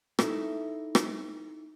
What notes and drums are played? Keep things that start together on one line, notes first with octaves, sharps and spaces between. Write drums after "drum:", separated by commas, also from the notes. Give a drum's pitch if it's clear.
D#4 E4 A4, drum: rim click
drum: rim click